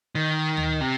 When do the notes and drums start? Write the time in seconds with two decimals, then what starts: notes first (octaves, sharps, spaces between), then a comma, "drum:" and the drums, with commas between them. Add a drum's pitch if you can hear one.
0.15 D#3
0.57 drum: tom D2
0.81 C3